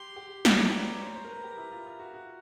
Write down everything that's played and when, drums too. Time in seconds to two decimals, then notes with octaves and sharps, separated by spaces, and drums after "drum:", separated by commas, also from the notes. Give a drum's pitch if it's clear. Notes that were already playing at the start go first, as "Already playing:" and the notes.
Already playing: G4 C6
0.16 G4
0.45 B4, drum: snare
0.60 C#5
0.73 D5 A#5
0.88 C#5
1.01 C5
1.16 C5
1.25 A#4
1.30 B4
1.44 G4
1.58 E4
1.72 F4
1.86 F4
2.00 F#4
2.14 F#4